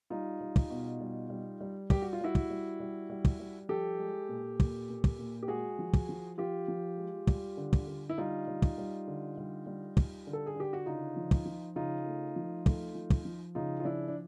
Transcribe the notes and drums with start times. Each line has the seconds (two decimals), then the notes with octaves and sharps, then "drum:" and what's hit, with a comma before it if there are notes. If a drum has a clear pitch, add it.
0.10 G3 D#4 F4
0.41 G3
0.56 drum: kick
0.70 B2
1.00 G3
1.30 G3
1.61 G3
1.90 G3 G4, drum: kick
2.02 F#4
2.13 F4
2.21 G3 E4 F#4
2.35 drum: kick
2.50 G3
2.80 G3
3.10 G3
3.25 drum: kick
3.40 G3
3.69 F3 G4 A4
3.99 G#3
4.29 A#2
4.60 A#2, drum: kick
4.90 A#2
5.04 drum: kick
5.19 A#2
5.43 G4
5.48 G#3 F#4 G#4
5.79 F3
5.93 drum: kick
6.09 F3
6.38 F3 F4 G4
6.68 F3
6.97 G#3
7.27 G3, drum: kick
7.57 D3
7.73 drum: kick
7.88 D3
8.09 E4
8.18 G3 D#4 F4
8.47 G3
8.62 drum: kick
8.78 G3
9.07 D3
9.38 G3
9.66 G3
9.97 G3, drum: kick
10.27 D3
10.33 A4
10.46 G#4
10.56 D3 G4
10.73 F#4
10.86 C#3 D#4 F4
11.16 F3
11.31 drum: kick
11.45 F3
11.76 C#3 D#4 F4
12.06 A3
12.36 F3
12.66 A3, drum: kick
12.95 F3
13.10 drum: kick
13.25 F3
13.55 C#3 D#4 F4
13.80 F4
13.84 F3 D4 E4
14.08 D4